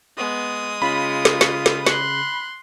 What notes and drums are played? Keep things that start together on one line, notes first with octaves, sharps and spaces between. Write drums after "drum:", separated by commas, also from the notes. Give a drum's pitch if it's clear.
G#3 B3 D#6
C#3 F4 B5
drum: snare
drum: snare
drum: snare
C6 F#6, drum: snare